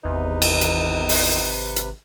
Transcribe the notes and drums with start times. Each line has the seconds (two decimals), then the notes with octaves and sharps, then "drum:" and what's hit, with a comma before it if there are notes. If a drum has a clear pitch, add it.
0.04 G#1 E2 C3 D#4 B4
0.42 drum: cymbal
0.61 drum: hi-hat
1.09 drum: open hi-hat
1.76 drum: hi-hat